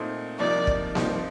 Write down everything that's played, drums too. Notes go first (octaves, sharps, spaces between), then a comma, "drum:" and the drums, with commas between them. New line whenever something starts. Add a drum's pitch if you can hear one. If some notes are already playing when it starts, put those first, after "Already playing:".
Already playing: A#2 A3 C4 D#4
C2 C3 F3 A#3 D#4 D5
drum: kick
G2 F3 C4 D#4, drum: snare A#3